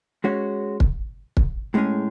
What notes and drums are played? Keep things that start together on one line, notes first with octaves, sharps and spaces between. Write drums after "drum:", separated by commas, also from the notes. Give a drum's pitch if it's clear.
G#3 C#4 F#4 C#5
drum: kick
drum: kick
A2 G#3 C#4 G#4